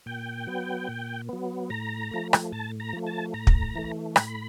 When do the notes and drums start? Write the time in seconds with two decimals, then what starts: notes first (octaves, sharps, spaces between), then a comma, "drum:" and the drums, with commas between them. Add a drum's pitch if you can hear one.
0.06 A#2 G5
0.47 F#3 B3
0.88 A#2
1.29 F#3 B3
1.70 A2 A#5
2.11 F3 A3
2.33 drum: rim click
2.52 A2 A5
2.80 A#5
2.93 F3 A3
3.07 A5
3.34 A2 A#5
3.47 drum: kick
3.75 E3 A3
4.16 A2 B5, drum: rim click